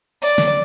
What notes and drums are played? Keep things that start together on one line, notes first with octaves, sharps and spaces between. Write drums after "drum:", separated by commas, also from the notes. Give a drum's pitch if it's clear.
D5, drum: open hi-hat
drum: snare